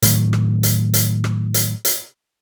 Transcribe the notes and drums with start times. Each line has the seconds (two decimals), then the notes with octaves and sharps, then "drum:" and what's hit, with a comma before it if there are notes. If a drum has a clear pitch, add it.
0.02 A2 D#3 F#3, drum: hi-hat
0.33 drum: rim click
0.63 drum: hi-hat
0.94 drum: hi-hat
1.24 drum: rim click
1.54 drum: hi-hat
1.85 drum: hi-hat